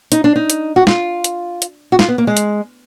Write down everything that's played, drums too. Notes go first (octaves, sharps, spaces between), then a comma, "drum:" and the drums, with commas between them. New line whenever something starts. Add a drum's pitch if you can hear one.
D#4, drum: hi-hat
D4
D#4
drum: hi-hat
F#4
F4, drum: snare
drum: hi-hat
drum: hi-hat
F#4
F4, drum: snare
B3
A#3
G#3
drum: hi-hat